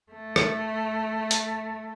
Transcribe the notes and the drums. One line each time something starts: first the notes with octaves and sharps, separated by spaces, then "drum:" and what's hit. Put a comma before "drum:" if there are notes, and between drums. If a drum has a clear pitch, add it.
A3
drum: rim click
drum: hi-hat